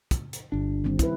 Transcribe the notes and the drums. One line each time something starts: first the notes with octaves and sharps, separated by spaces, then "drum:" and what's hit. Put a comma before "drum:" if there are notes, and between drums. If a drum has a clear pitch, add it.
drum: kick, hi-hat
drum: hi-hat
G1 D4
D#3 G3 C4
E4 B4, drum: kick, hi-hat